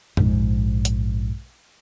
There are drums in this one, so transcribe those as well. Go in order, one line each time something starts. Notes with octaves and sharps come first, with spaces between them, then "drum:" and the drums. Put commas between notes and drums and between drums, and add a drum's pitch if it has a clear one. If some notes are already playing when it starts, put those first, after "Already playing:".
A#1 G#2, drum: tom F2
drum: hi-hat